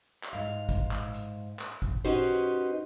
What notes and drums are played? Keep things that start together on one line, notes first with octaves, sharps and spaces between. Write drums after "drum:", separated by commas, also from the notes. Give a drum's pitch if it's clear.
drum: clap
G#2 F5
drum: kick G#1, hi-hat
drum: clap
drum: hi-hat
drum: clap
drum: kick G#1
C#4 D#4 F#4 G4 B4 C5, drum: hi-hat